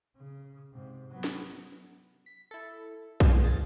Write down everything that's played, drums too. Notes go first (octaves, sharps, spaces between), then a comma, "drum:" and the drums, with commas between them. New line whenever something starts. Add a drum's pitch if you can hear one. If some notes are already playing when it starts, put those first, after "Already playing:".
C#3
G#2 C3
F#3 B3
drum: snare
B6
E4 A4
F5 G5 G#5, drum: kick B1
A#1 D#3 G#4 A6